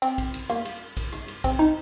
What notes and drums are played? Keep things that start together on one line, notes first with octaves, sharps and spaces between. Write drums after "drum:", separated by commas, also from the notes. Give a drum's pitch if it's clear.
C4, drum: cymbal
drum: kick A#1, cymbal
drum: cymbal
A#3, drum: rim click
drum: cymbal
drum: kick A#1, cymbal
drum: rim click
drum: cymbal
C4, drum: kick A#1, cymbal
D#4